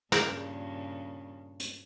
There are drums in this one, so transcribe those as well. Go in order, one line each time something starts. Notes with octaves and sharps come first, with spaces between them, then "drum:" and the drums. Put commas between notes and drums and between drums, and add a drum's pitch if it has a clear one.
G2 A#2 C#3 A#4, drum: snare
drum: hi-hat